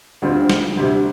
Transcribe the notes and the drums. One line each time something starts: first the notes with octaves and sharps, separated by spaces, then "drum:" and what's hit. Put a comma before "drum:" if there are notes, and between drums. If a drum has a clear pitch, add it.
D2 D3 G3 C4 F4
drum: snare
D2 C3 G3